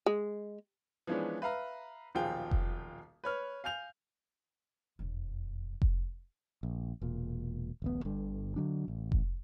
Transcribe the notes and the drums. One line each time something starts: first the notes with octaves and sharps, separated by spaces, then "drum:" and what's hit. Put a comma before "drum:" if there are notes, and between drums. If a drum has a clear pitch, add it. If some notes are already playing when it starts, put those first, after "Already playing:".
G#3
E3 F3 G#3 B3 C#4 D4
B4 E5 F5 A#5
D#1 B1 F3 F4 G#4 G5
drum: kick F1
B4 C#5 F6
F5 G#5 G6 F7
E1 F2
drum: kick F1
A#1
E1 A#2
D1 A1 B3
G1 G2 D3
D3 F#3 D4
A1
drum: kick F1